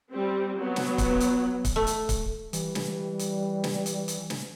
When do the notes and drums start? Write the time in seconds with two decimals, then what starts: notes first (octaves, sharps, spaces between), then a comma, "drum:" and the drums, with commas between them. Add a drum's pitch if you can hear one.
0.10 G3 C4
0.57 F#3 B3
0.76 drum: snare
0.98 drum: kick, hi-hat
1.20 drum: hi-hat
1.65 drum: kick, hi-hat
1.76 A3
1.87 drum: hi-hat
2.09 drum: kick, hi-hat
2.53 E3 G3, drum: hi-hat
2.75 drum: snare
3.19 drum: hi-hat
3.64 drum: snare
3.86 drum: hi-hat
4.08 drum: hi-hat
4.30 drum: snare